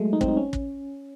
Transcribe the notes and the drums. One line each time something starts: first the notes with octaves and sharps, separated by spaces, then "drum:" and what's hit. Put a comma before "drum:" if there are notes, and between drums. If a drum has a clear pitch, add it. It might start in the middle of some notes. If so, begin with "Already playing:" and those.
Already playing: F#3 G#3 A3
D#4
C4, drum: kick
D#4
C#4
drum: kick